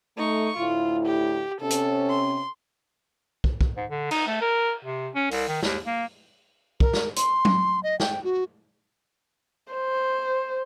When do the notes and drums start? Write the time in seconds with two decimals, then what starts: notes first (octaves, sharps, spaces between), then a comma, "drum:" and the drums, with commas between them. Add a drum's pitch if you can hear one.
0.17 A3 D#4 C#6
0.57 D2 A2 E4 F4
1.06 G4
1.61 C3 C#4 A4
1.70 drum: hi-hat
2.10 C6
3.44 drum: kick
3.61 drum: kick
3.77 G#2
3.90 D3
4.11 D#4, drum: cymbal
4.27 A3
4.41 A#4
4.84 C3
5.15 C#4
5.31 C2, drum: open hi-hat
5.48 D#3
5.63 D#2, drum: snare
5.86 A#3
6.80 A#4, drum: kick
6.94 drum: snare
7.16 C6, drum: hi-hat
7.45 drum: tom F#3
7.83 D#5
8.00 G5, drum: snare
8.24 F#4
9.72 C5